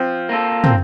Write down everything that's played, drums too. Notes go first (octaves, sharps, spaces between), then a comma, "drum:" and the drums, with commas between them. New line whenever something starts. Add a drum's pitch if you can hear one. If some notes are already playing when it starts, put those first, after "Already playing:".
Already playing: F3 C4
A#3 F4 A4
C4, drum: tom